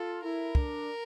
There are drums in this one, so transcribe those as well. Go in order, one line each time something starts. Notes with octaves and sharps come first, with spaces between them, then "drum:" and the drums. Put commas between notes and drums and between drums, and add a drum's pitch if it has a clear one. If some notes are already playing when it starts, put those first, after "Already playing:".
Already playing: F4 A4
E4 A#4
D4, drum: kick